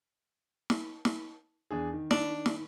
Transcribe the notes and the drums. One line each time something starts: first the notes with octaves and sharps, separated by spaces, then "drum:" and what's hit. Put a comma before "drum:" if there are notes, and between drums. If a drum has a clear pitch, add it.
drum: snare
drum: snare
E2 D4 G#4
D#3
D4, drum: snare
drum: snare